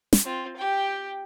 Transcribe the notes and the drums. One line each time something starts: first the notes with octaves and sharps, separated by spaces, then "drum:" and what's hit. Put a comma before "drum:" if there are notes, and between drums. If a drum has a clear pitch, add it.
drum: snare
C4 F4
G4 G5